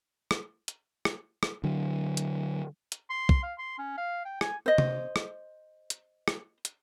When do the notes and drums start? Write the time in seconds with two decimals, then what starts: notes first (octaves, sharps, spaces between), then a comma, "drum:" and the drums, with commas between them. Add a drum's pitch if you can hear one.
0.31 drum: rim click
0.68 drum: hi-hat
1.05 drum: rim click
1.43 drum: rim click
1.64 D3 F#3
2.17 drum: hi-hat
2.92 drum: hi-hat
3.10 C6
3.29 drum: kick
3.43 F5
3.58 C6
3.78 C#4
3.98 F5
4.25 G5
4.41 G#5, drum: rim click
4.66 C5 D#5
4.78 drum: tom C3
5.16 drum: rim click
5.90 drum: hi-hat
6.28 drum: rim click
6.65 drum: hi-hat